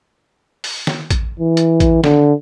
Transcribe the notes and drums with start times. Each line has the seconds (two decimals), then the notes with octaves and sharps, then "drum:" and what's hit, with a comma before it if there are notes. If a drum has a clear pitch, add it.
0.64 drum: open hi-hat
0.87 drum: snare
1.10 drum: kick, hi-hat
1.40 E3
1.57 drum: hi-hat
1.80 drum: kick, hi-hat
2.04 D3, drum: snare